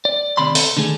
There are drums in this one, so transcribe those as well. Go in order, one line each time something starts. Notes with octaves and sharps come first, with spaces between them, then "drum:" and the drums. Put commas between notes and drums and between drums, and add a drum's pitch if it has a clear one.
D5
D2 C3 D#3 D5 B5 C6
A4, drum: open hi-hat
D3 D#3 A3 G#4